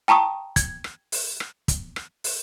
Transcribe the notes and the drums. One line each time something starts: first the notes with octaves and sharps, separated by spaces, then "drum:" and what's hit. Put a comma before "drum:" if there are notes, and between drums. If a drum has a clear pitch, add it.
G5 A5 A#5 C#6 D#6
G#6, drum: kick, hi-hat
drum: rim click
drum: open hi-hat
drum: rim click
drum: kick, hi-hat
drum: rim click
drum: open hi-hat